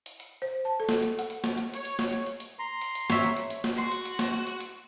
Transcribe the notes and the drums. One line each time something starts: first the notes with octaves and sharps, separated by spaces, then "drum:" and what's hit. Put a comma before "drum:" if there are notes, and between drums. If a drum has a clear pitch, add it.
drum: hi-hat
drum: hi-hat
C5
A5
A4
drum: snare
drum: hi-hat
F#5, drum: hi-hat
drum: hi-hat
drum: snare
drum: hi-hat
C#5, drum: hi-hat
drum: hi-hat
drum: snare
drum: hi-hat
drum: hi-hat
drum: hi-hat
A#5 C6
drum: hi-hat
drum: hi-hat
C#5 E5, drum: snare
drum: hi-hat
drum: hi-hat
drum: hi-hat
drum: snare
F#4 C6
drum: hi-hat
drum: hi-hat
drum: snare
drum: hi-hat
drum: hi-hat